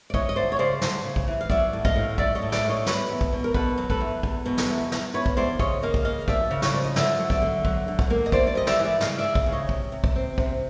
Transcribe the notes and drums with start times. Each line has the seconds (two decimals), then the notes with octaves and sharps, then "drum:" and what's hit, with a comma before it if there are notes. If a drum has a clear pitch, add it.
0.10 D5
0.14 E3 C#5 D#5, drum: kick
0.29 D#5
0.36 D2 C5 D5
0.52 C#5
0.59 C#3 C5 D5
0.82 D2, drum: snare
1.05 C#3
1.16 drum: kick
1.28 E3
1.41 F5
1.50 F#3 D5 E5, drum: kick
1.73 A2
1.85 D#5 F5, drum: kick
1.96 A2
2.18 F#3 D5 E5, drum: kick
2.35 C#5 D#5
2.42 A2
2.52 D5 E5, drum: snare
2.64 A2
2.69 C#5 D#5
2.86 E2 B4 C#5, drum: snare
3.09 E2
3.21 drum: kick
3.33 B2
3.44 A#4
3.54 B2 A4 B4, drum: kick
3.78 F#3
3.90 A4 B4, drum: kick
4.01 E2
4.23 E2, drum: kick
4.46 B2
4.57 drum: snare
4.69 E2
4.92 E2, drum: snare
5.14 E2 B4 C#5
5.26 drum: kick
5.37 E2 C5 D5
5.59 C#3 C#5 D#5, drum: kick
5.83 A#3 D#5 F5
5.94 drum: kick
6.05 C#3 D#5 F5
6.28 F3 D5 E5, drum: kick
6.51 C#3
6.62 C#5, drum: snare
6.73 F3 D5
6.84 D#5
6.96 D3 D5 E5, drum: snare
7.19 F#3
7.30 D5 E5, drum: kick
7.42 D3
7.65 F#3, drum: kick
7.88 D3
7.99 drum: kick
8.10 A#3
8.26 D#5
8.32 E3 C5 D5, drum: kick
8.47 D5
8.55 G3 D#5
8.67 D5 E5, drum: snare
8.79 E3
8.84 D5 E5
9.01 C#3 D#5 F5, drum: snare
9.18 D5 E5
9.24 C#3
9.35 drum: kick
9.46 C#3
9.52 C#5 D#5
9.69 C3, drum: kick
9.92 C3
10.04 drum: kick
10.16 C4
10.38 C3, drum: kick